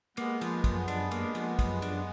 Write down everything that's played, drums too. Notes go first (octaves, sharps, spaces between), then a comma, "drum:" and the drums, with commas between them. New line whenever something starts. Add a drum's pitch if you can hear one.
G#3 A#3 B3, drum: cymbal
F3, drum: cymbal
F#2, drum: kick, cymbal
D4, drum: cymbal
A#3, drum: cymbal
F3, drum: cymbal
F#2, drum: kick, cymbal
D4, drum: cymbal